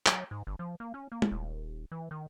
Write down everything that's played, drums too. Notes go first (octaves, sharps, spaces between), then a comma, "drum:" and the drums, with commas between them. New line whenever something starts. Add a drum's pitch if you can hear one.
F#3, drum: clap
G#2
G1
F3
A#3
C#4
A#3
drum: tom
D#1
E3
D#3